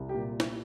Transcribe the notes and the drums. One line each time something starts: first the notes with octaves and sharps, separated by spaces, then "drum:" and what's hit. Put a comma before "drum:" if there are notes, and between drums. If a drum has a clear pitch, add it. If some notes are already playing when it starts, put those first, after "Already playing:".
Already playing: C2
G4
A#2
drum: snare